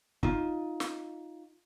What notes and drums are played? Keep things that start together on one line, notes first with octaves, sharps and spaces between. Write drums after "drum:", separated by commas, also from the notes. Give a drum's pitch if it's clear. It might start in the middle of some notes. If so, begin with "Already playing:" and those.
D#4 F4, drum: kick
drum: snare